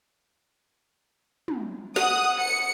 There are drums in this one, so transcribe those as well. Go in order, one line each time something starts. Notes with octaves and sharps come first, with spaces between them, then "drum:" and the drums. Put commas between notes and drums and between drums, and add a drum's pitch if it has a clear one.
drum: tom
F#5 D#6, drum: snare
C#7